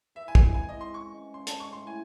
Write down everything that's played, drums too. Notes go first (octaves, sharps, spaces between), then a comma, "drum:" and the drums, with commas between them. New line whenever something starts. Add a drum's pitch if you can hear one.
E3 E5
G#5
G#3 C4, drum: kick
G#5
E3 G#5
D#5
G#3 C4
C6
C#3 C#6
G#3 C#4
C#3 C6
A5, drum: hi-hat
G#3 C#4
C#6
A2 C6
G#5